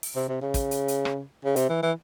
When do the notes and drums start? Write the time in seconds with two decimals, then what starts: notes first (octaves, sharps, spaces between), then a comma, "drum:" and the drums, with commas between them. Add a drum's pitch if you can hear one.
0.03 drum: open hi-hat
0.16 C3
0.29 C3
0.41 C#3
0.54 drum: kick, hi-hat
0.71 drum: hi-hat
0.88 drum: hi-hat
1.05 drum: rim click
1.45 C#3
1.56 C3, drum: hi-hat
1.69 E3
1.82 E3